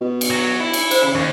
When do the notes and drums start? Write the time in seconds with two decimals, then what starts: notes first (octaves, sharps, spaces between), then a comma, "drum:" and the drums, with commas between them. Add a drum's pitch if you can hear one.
0.01 B2
0.21 drum: cymbal
0.31 F#3
0.60 E4
0.73 drum: cymbal
0.91 C5, drum: cymbal
1.03 C#3 B5
1.15 D#2 C#6